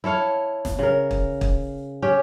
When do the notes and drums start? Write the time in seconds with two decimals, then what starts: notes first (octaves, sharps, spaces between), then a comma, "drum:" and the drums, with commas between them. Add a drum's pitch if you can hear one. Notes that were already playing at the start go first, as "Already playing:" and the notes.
0.04 E4 A4 C#5 F5
0.65 drum: snare
0.79 C#3 A#4
1.11 drum: kick
1.41 drum: kick
2.02 C#4 G4